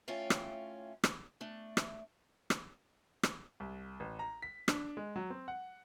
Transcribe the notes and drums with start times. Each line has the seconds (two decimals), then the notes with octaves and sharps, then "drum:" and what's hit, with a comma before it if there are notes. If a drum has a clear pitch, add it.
0.08 A2 A3 C#4 F4 C#5 G5
0.30 drum: rim click
1.04 drum: rim click
1.41 A3 D4
1.77 drum: rim click
2.50 drum: rim click
3.23 drum: rim click
3.60 C2
4.00 A1
4.19 A#5
4.42 B6
4.68 D4, drum: rim click
4.97 G#3
5.16 F#3
5.30 C4
5.48 F#5